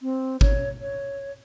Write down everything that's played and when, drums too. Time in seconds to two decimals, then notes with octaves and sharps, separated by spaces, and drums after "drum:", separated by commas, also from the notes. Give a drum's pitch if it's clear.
0.01 C4
0.41 C#5, drum: kick G#1
0.81 C#5